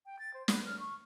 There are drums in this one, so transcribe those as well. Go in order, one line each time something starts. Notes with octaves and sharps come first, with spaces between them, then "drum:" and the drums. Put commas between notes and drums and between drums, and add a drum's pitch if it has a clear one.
G5
A6
C5
B4, drum: snare
F6
C#6